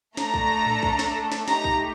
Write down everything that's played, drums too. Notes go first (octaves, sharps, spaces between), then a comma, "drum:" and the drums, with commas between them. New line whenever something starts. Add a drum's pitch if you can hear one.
A3 D4 A4 A#5, drum: snare
drum: kick A#1
drum: tom G#2
drum: kick A#1
drum: snare
drum: snare
A3 D#4 G4 A#5, drum: snare
drum: kick A#1